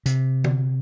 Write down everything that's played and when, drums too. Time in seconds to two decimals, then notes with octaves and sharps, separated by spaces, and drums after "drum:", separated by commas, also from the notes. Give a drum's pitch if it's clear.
0.06 C3, drum: hi-hat
0.44 drum: tom D3